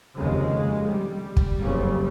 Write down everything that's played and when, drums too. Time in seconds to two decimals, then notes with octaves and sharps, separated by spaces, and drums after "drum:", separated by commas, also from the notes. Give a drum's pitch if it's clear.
0.16 F1 D#2 C#3 G#3
0.89 G3
1.37 drum: kick
1.61 F#1 F2 C#3